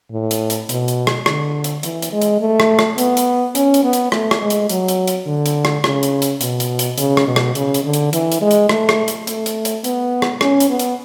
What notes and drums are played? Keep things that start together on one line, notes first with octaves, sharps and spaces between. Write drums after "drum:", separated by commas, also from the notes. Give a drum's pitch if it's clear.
A2
drum: hi-hat
drum: hi-hat
B2, drum: hi-hat
drum: hi-hat
drum: rim click
D3, drum: rim click
drum: hi-hat
E3, drum: hi-hat
drum: hi-hat
G#3
drum: hi-hat
A3
drum: rim click
drum: rim click
B3, drum: hi-hat
drum: hi-hat
C#4, drum: hi-hat
drum: hi-hat
B3
drum: hi-hat
A3, drum: rim click
drum: rim click
G#3
drum: hi-hat
F#3, drum: hi-hat
drum: hi-hat
drum: hi-hat
D3
drum: hi-hat
drum: rim click
C#3, drum: rim click
drum: hi-hat
drum: hi-hat
B2, drum: hi-hat
drum: hi-hat
drum: hi-hat
C#3, drum: hi-hat
drum: rim click
B2
drum: rim click
C#3, drum: hi-hat
drum: hi-hat
D3
drum: hi-hat
E3, drum: hi-hat
drum: hi-hat
G#3
drum: hi-hat
A3, drum: rim click
drum: rim click
drum: hi-hat
A3, drum: hi-hat
drum: hi-hat
drum: hi-hat
B3, drum: hi-hat
drum: rim click
C#4, drum: rim click
drum: hi-hat
B3
drum: hi-hat